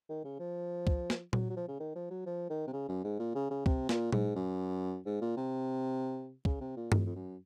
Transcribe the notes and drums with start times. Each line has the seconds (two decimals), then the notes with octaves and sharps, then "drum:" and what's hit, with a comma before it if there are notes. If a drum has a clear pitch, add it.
0.09 D#3
0.24 C#3
0.40 F3
0.87 drum: kick
1.10 drum: snare
1.33 F#3, drum: tom A#2
1.50 F#3
1.57 F3
1.68 C#3
1.80 D#3
1.95 F3
2.11 F#3
2.26 F3
2.50 D#3
2.67 C3
2.73 C#3
2.88 F#2
3.04 G#2
3.19 A#2
3.35 C#3
3.50 C#3
3.66 C3, drum: kick
3.89 A#2, drum: snare
4.12 G#2, drum: tom A#2
4.36 F#2
5.06 G#2
5.21 A#2
5.37 C3
6.45 C#3, drum: kick
6.61 C3
6.76 A#2
6.92 F2, drum: tom G2
7.06 F2
7.15 F#2